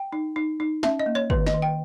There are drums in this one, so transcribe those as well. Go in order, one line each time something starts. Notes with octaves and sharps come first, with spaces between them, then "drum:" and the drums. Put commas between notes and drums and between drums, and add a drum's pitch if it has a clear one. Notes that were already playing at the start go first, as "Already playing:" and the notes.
Already playing: G5
D#4
D#4
D#4
C#4 E5, drum: snare
D#5
A#3
C#5
D#3 B4, drum: kick
D#5, drum: snare
D#3
G5